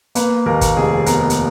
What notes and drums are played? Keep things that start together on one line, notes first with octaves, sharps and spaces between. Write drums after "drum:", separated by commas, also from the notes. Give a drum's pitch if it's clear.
A#3 B4, drum: hi-hat
D#2 A#4
drum: kick, hi-hat
F1 G#4
B3 A#4, drum: hi-hat
drum: hi-hat